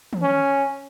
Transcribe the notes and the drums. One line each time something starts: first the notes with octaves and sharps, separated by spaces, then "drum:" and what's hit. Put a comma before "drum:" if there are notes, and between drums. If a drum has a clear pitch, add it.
drum: tom
C#4